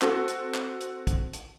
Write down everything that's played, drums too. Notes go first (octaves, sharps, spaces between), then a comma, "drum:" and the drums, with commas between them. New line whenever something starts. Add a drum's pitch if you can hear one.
C4 F#4 A4, drum: clap
drum: hi-hat
drum: clap
drum: hi-hat
drum: kick, hi-hat
drum: hi-hat